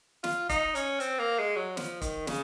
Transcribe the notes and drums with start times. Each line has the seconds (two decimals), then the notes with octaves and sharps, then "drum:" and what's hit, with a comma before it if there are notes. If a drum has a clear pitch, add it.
0.24 F4, drum: snare
0.49 D#4, drum: kick, hi-hat
0.75 C#4, drum: hi-hat
1.00 C4, drum: hi-hat
1.19 A#3
1.39 G#3
1.57 F#3
1.77 F3, drum: snare
2.02 D#3, drum: kick, hi-hat
2.27 C#3, drum: snare